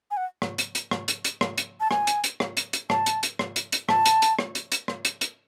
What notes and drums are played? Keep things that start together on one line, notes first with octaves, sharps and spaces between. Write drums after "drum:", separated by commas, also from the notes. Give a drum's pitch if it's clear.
G#5
F#5
drum: rim click
drum: hi-hat
drum: hi-hat
drum: rim click
drum: hi-hat
drum: hi-hat
drum: rim click
drum: hi-hat
A5
G#5, drum: rim click
drum: hi-hat
drum: hi-hat
drum: rim click
drum: hi-hat
drum: hi-hat
A5, drum: rim click
drum: hi-hat
drum: hi-hat
drum: rim click
drum: hi-hat
drum: hi-hat
A5, drum: rim click
drum: hi-hat
drum: hi-hat
drum: rim click
drum: hi-hat
drum: hi-hat
drum: rim click
drum: hi-hat
drum: hi-hat